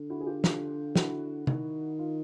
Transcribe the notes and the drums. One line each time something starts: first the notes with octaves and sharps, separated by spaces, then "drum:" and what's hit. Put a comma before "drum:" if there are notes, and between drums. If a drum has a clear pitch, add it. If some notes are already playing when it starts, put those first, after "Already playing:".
Already playing: D3
E4 F#4
G#4
F4 G4
F4 G4, drum: snare
E4 F#4, drum: snare
D#3, drum: tom
F4